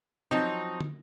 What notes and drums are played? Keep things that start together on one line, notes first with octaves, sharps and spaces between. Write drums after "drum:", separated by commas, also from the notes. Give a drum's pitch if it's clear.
F3 F#3 C4 D#4
drum: tom